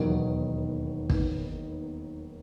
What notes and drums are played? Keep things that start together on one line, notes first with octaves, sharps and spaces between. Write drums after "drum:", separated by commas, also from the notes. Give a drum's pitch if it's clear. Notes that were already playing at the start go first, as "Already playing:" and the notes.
Already playing: E1 D#2 D#3 F#3 B3 D#4
B3 D#4, drum: kick